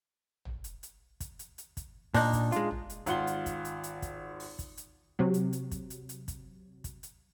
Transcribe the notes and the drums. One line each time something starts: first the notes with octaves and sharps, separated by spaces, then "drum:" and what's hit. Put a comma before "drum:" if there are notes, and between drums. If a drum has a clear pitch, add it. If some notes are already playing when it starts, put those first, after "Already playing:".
drum: tom
drum: hi-hat
drum: hi-hat
drum: kick, hi-hat
drum: hi-hat
drum: hi-hat
drum: kick, hi-hat
A#2 D4 D#4, drum: open hi-hat
drum: kick, hi-hat
G#3 F4, drum: hi-hat
drum: tom
drum: hi-hat
G#1 F4 F#5 C6 G7, drum: hi-hat
drum: hi-hat
drum: kick, hi-hat
drum: hi-hat
drum: hi-hat
drum: kick, hi-hat
drum: open hi-hat
drum: kick, hi-hat
drum: hi-hat
C3 F#3
drum: hi-hat
drum: hi-hat
drum: kick, hi-hat
drum: hi-hat
drum: hi-hat
drum: kick, hi-hat
drum: kick, hi-hat
drum: hi-hat